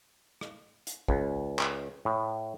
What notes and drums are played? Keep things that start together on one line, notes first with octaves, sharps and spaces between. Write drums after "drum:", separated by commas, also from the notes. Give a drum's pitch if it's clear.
drum: rim click
drum: hi-hat
C#2, drum: kick A1
drum: clap
A2